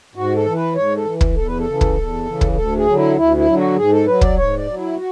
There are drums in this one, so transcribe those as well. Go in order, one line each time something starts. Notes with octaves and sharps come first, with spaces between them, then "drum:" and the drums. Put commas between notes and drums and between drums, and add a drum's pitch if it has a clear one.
G#2 F#4
A4
E3
B4
G#2 C#5
A4
E3
drum: kick
E2 A4
B4
A4
C#3 E3
drum: kick
E2
C#3 E3
drum: kick
D2 A4
G#4
D3 F#3
E4
D2 E4
E4
D3 F#3
F#4
G#2 G#4
A4
F#3 B4
D5, drum: kick
G#2 C#5
D5
F#3
E4
F#4